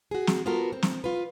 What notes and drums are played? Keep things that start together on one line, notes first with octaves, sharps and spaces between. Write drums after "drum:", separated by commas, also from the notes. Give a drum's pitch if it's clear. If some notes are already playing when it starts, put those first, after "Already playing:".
F#4 G#4
drum: snare
B3 F4 F#4 A4 A#4
C4
drum: snare
F4 B4